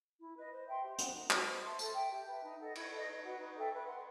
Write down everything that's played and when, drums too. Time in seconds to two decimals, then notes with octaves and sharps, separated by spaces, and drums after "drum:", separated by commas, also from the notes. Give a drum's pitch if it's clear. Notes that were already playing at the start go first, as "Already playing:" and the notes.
0.19 E4
0.35 B4 D#5
0.51 C5
0.68 E5 G5 C6
0.82 G4
0.99 F#5, drum: hi-hat
1.04 C5
1.15 D#4
1.31 F#4 B4, drum: clap
1.46 C5
1.63 E5 A5 C6
1.79 A4, drum: tambourine
1.94 E5 G5
2.10 G4
2.28 B4 E5 A5
2.43 D#4
2.59 A4 D#5 F#5
2.75 E4, drum: cymbal
2.91 A4 D#5
3.07 D#4
3.23 F#4 B4 F#5
3.39 D#4
3.55 A4 E5 G5
3.71 B4
3.87 F#5 C6